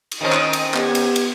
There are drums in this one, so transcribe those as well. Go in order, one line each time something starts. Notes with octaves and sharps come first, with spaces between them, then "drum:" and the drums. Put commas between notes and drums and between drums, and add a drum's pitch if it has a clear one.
drum: cymbal
D#3 C4 C#4 D#5 D#6
drum: clap
drum: cymbal
B3 G4 G#6, drum: clap
drum: cymbal
drum: cymbal